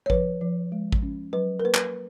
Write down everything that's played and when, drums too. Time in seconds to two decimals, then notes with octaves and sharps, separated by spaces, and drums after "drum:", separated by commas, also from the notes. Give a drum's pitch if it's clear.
0.06 C#5
0.10 F3 B4, drum: kick A1
0.41 F3
0.72 G#3
0.92 drum: kick A1
1.03 C#4
1.33 F#3 B4
1.60 A#4
1.65 A#3 B4
1.75 drum: clap